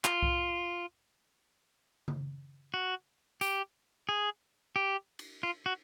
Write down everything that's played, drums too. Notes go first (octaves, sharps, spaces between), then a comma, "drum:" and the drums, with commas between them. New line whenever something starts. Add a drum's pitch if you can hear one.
F4, drum: clap
drum: kick C2
drum: tom C#3
F#4
G4, drum: tambourine
G#4
G4
drum: cymbal
F4
F#4